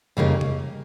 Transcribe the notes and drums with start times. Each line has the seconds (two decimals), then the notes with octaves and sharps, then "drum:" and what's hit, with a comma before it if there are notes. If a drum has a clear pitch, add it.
0.17 F2 C#3 G3 A#3 D#4
0.41 drum: tom C3